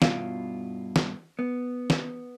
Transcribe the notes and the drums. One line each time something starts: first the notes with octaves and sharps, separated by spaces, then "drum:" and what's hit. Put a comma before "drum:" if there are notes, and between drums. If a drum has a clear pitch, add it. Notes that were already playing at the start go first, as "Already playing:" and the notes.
G2 B2 E4 F4, drum: snare
drum: snare
B3
drum: snare